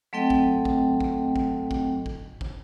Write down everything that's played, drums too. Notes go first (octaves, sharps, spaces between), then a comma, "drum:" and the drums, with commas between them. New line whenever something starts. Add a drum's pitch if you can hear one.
F#3 A3 C4 A4 D#5 G5
drum: kick
drum: kick
drum: kick
drum: kick
drum: kick
drum: kick
drum: kick